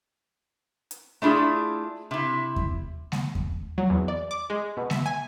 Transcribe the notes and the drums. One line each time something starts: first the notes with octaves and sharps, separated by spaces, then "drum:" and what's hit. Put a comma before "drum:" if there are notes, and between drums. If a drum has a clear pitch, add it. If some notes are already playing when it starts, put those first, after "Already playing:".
drum: hi-hat
A3 D4 E4 F4 G#4
C3 E4
drum: kick E2
drum: snare G#3
drum: kick E2
F#3
E2
D5
D6
G#3
B2
E5, drum: snare G#3
G#5